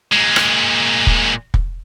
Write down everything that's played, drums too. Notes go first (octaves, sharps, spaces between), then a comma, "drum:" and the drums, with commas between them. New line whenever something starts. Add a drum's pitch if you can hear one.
A#2 G#3
drum: rim click
drum: kick
drum: kick